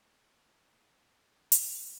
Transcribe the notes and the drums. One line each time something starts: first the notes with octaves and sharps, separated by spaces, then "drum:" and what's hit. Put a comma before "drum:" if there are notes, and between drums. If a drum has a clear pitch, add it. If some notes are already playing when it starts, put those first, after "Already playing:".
Already playing: B1 A2 F#3 A3 A5
C5
B4
A4
B4
E2 D3 A3 A4
G4, drum: hi-hat
A4